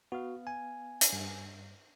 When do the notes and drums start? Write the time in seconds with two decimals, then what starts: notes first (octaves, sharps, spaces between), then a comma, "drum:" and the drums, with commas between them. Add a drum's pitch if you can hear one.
0.12 B3 F#4 F5
0.47 G#5
1.01 drum: hi-hat
1.13 G2